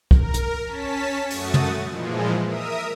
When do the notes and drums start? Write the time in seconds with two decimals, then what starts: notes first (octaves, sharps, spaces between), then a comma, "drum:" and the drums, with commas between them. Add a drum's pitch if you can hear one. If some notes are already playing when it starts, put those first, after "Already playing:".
0.11 A#4, drum: kick
0.34 drum: hi-hat
0.64 C#4 A5 B6
1.30 F#2 A3 F#4 D#6 A6, drum: open hi-hat
1.54 drum: tom
1.89 A#2 E3 F3 G#3
2.45 A#4 E5 D#6